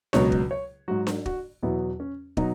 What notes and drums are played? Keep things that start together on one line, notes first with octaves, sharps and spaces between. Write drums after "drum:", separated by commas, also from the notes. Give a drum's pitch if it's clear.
C#2 B2 F#3 C#5, drum: snare D4
drum: kick
C#5
G#2 F#3 F#4
drum: snare D4
F#4, drum: kick
E2 B2 F#3 E4
C#4
B2 F#3 D#4, drum: kick